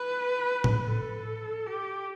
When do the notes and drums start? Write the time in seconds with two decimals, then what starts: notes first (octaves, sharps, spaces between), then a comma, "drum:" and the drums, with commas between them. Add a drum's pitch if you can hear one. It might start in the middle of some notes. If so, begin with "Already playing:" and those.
Already playing: B4
0.64 drum: tom A2
0.88 A4
1.67 G4